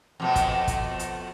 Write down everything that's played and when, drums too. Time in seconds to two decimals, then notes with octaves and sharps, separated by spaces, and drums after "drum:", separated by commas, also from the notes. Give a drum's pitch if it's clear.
0.20 F2 B2 A3
0.36 drum: kick, hi-hat
0.68 drum: kick, hi-hat
0.99 drum: hi-hat